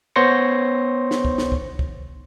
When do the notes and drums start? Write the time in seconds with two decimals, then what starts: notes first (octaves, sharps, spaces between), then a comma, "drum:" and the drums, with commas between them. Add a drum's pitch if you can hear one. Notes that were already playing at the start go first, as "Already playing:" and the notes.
0.16 B3 C5 C#5 C6 A#6 C#7
1.11 drum: snare
1.25 drum: kick C#2
1.38 drum: snare
1.52 drum: kick C#2
1.79 drum: kick C#2